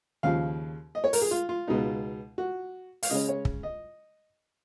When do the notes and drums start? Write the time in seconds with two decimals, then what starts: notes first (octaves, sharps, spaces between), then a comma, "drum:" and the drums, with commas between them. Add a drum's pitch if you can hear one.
0.23 D#2 C#3 F3 F5
0.95 D#5
1.04 C#5
1.13 A#4, drum: open hi-hat
1.22 G#4
1.31 F4
1.49 F4
1.68 C#2 B2 G#3 D#4
2.38 F#4
3.03 F5, drum: open hi-hat
3.10 C#3 G#3 C#4 D#5
3.29 C#5
3.45 drum: kick
3.63 D#5